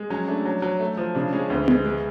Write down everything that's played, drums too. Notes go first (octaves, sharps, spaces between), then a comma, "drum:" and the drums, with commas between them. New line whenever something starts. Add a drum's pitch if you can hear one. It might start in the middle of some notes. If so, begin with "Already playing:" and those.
Already playing: G#3
F#3 C#4
A3 D4
F#3
F#3
A3
F3
C#3 D4
G#3 C#4
D2 B3
G#3, drum: tom B3
G#3